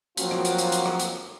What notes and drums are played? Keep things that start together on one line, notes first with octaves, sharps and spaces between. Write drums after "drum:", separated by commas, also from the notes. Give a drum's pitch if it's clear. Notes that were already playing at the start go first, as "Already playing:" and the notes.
F3 F#3 A#3 C4 F4 F#4, drum: hi-hat
drum: rim click
drum: hi-hat
drum: hi-hat
drum: hi-hat
drum: rim click
drum: hi-hat